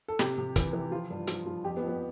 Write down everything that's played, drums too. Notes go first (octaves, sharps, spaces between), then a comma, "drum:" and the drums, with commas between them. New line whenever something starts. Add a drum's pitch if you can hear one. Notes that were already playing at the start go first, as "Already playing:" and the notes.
A4
C3 G4, drum: snare
C3
E3, drum: kick, hi-hat
E3
F3 F4
G2
F3, drum: hi-hat
F3
F2 G4
B3
F2
B3